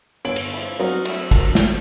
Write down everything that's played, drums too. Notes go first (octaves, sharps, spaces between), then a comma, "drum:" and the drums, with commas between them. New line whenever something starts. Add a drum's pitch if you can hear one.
G1 A4 C#5 D7 F#7
drum: cymbal
F3 E4
F#3 C4 D#4 F#4 A#4
A3 E4, drum: cymbal
D#3 A4, drum: kick, cymbal
drum: snare